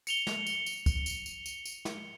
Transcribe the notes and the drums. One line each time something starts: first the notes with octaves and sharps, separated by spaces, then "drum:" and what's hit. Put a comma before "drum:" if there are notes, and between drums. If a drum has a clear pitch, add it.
C#7 F7 G7, drum: tambourine
drum: snare
drum: tambourine
drum: tambourine
drum: kick, tambourine
drum: tambourine
drum: tambourine
drum: tambourine
drum: tambourine
drum: snare